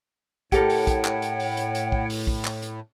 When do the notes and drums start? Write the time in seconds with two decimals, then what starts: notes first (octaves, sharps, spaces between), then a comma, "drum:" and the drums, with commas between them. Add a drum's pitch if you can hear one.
0.52 A2 G4 A4 A#4 C#5 F#5 G5, drum: kick, hi-hat
0.70 drum: open hi-hat
0.87 drum: kick, hi-hat
1.05 drum: clap
1.22 drum: hi-hat
1.40 drum: open hi-hat
1.57 drum: hi-hat
1.75 drum: hi-hat
1.92 drum: kick
2.10 drum: open hi-hat
2.27 drum: kick
2.45 drum: clap
2.62 drum: hi-hat